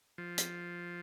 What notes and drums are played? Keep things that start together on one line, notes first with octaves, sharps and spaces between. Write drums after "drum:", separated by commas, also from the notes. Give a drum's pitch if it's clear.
F3
drum: hi-hat